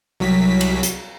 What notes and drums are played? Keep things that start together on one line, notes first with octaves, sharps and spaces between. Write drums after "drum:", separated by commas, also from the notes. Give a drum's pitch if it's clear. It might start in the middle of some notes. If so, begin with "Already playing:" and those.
C2 F#3 B6
drum: cymbal
drum: hi-hat